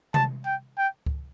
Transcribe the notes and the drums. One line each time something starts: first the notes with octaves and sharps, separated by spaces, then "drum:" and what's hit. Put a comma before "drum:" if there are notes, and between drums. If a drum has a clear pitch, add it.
A5, drum: tom C3
G5
G5
drum: kick C#2